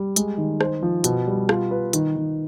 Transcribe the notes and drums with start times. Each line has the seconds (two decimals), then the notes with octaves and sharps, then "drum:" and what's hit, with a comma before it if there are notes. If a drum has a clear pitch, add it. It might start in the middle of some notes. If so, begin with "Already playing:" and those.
Already playing: G3
0.16 G#3, drum: hi-hat
0.38 D#3
0.61 C5, drum: rim click
0.83 F3
1.04 B2, drum: hi-hat
1.27 G3
1.49 F4, drum: rim click
1.71 B4
1.93 D#3, drum: hi-hat
2.16 D#3